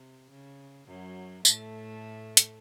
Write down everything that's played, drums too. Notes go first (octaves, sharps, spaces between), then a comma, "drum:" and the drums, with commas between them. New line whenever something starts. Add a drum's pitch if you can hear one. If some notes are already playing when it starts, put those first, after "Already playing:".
Already playing: C3
C#3
F#2 F#3
A2 A3, drum: tambourine
drum: hi-hat